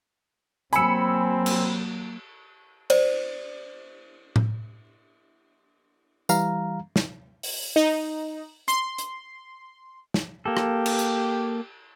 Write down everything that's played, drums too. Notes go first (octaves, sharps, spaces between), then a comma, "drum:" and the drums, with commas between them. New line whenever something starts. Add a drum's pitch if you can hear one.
F#3 A#3 C4 G#5 B5 E6 C#7, drum: hi-hat
drum: cymbal
C5 D5, drum: cymbal
drum: tom A2
E3 G3 F5 A#5, drum: tambourine
drum: snare
drum: open hi-hat
D#4
C6, drum: hi-hat
drum: hi-hat
drum: snare
A#3 G4 A4
drum: rim click
drum: cymbal
drum: hi-hat